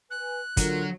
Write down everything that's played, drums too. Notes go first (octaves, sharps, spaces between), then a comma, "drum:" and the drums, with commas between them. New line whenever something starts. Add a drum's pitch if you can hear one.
B4 G#5 F#6
D3 F#3 F4 A#4, drum: kick, hi-hat